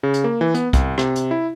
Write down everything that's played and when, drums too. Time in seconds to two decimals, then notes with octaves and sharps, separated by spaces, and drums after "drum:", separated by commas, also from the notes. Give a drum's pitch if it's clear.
0.03 C#3
0.14 drum: hi-hat
0.24 A#3
0.41 E3
0.54 B3, drum: hi-hat
0.73 C2, drum: kick C2, hi-hat
0.98 C3, drum: rim click
1.16 drum: hi-hat
1.31 E4